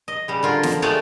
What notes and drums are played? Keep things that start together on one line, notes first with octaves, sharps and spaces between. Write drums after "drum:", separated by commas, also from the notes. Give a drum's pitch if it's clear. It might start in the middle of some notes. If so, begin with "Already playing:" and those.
D#5
C#3 G3
D3 F4 A#4
F3, drum: snare
G#3 A3 G4 G#4 C#5 D5